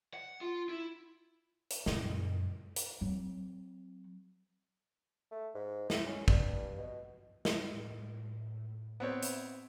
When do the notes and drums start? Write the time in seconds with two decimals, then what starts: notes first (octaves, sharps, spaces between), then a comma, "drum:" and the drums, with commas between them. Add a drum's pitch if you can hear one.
0.14 F#5
0.41 F4
0.69 E4
1.70 drum: hi-hat
1.86 F#2 A#2 C#3, drum: snare
2.76 drum: hi-hat
3.01 F#3 C4
5.31 A3
5.54 G#2
5.90 E4, drum: snare
6.06 C#4
6.28 G2, drum: kick
6.78 B2
7.45 drum: snare
7.66 A2
9.00 B3 C4 C#5
9.22 drum: hi-hat